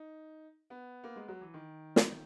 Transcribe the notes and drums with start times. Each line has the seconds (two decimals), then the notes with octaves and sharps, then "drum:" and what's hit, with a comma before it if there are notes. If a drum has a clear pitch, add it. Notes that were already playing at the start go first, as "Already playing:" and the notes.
Already playing: D#4
0.70 B3
1.04 A#3
1.16 G#3
1.28 F#3
1.41 E3
1.54 D#3
1.96 drum: snare